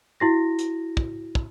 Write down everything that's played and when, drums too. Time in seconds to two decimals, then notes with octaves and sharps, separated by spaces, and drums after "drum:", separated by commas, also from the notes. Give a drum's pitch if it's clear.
0.20 E4 F#4 A#6
0.59 drum: hi-hat
0.97 drum: kick
1.35 drum: kick